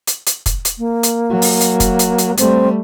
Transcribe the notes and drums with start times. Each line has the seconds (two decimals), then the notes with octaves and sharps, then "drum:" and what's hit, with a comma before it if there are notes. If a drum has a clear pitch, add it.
0.07 drum: hi-hat
0.27 drum: hi-hat
0.46 drum: kick, hi-hat
0.65 drum: hi-hat
0.78 A#3
1.03 drum: hi-hat
1.30 F#3
1.42 drum: open hi-hat
1.61 drum: hi-hat
1.80 drum: kick, hi-hat
1.99 drum: hi-hat
2.18 drum: hi-hat
2.38 G3 A3 C4, drum: hi-hat